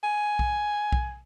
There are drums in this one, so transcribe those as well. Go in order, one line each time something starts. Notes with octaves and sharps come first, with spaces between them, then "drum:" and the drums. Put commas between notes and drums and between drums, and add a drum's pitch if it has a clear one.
G#5
drum: kick B1
drum: kick B1